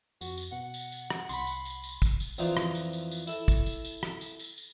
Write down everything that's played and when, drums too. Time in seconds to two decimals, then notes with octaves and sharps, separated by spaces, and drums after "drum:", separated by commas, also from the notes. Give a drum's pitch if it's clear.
0.21 F2 F#4, drum: tambourine
0.37 drum: tambourine
0.52 B2 F#5
0.74 drum: tambourine
0.92 drum: tambourine
1.10 drum: rim click
1.29 C2 B5 C6, drum: tambourine
1.47 drum: tambourine
1.65 drum: tambourine
1.84 drum: tambourine
2.02 drum: kick, tambourine
2.20 drum: tambourine
2.38 F2 E3 D#4 F4 C5 D5, drum: tambourine
2.57 drum: rim click
2.75 drum: tambourine
2.93 drum: tambourine
3.11 drum: tambourine
3.27 E4 A4, drum: tambourine
3.48 drum: kick, tambourine
3.66 drum: tambourine
3.85 drum: tambourine
4.03 drum: rim click
4.21 drum: tambourine
4.39 drum: tambourine
4.58 drum: tambourine